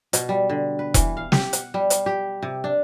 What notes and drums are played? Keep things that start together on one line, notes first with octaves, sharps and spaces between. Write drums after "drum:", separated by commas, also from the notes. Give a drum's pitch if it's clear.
B2, drum: hi-hat
G3
D3
B4
E3, drum: kick E1, hi-hat
F5
G4, drum: snare
F#5, drum: hi-hat
G3
drum: hi-hat
G4
C3
D4